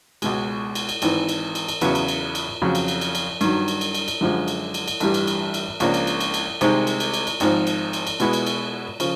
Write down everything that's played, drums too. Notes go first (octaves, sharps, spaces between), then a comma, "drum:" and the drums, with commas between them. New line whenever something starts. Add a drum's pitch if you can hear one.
C#2 B2 G#3, drum: cymbal
drum: cymbal
drum: cymbal
G#1 G#2 E3, drum: cymbal
drum: cymbal
drum: cymbal
drum: cymbal
E2 C#3 F#3 B3, drum: cymbal
drum: cymbal
drum: cymbal
drum: cymbal
F2 C#3 F#3
drum: cymbal
drum: cymbal
drum: cymbal
drum: cymbal
G2 D#3 F#3, drum: cymbal
drum: cymbal
drum: cymbal
drum: cymbal
drum: cymbal
F#2 D3 F3 G#3
drum: cymbal
drum: cymbal
drum: cymbal
A1 G2 E3 G3, drum: cymbal
drum: cymbal
drum: cymbal
drum: cymbal
C#2 C#3 F3 A#3 D4, drum: cymbal
drum: cymbal
drum: cymbal
drum: cymbal
drum: cymbal
C2 C3 D#3 G#3 C4, drum: cymbal
drum: cymbal
drum: cymbal
drum: cymbal
drum: cymbal
G#1 G#2 F3, drum: cymbal
drum: cymbal
drum: cymbal
drum: cymbal
B2 G#3 B3 E4, drum: cymbal
drum: cymbal
drum: cymbal
C#3 F3, drum: cymbal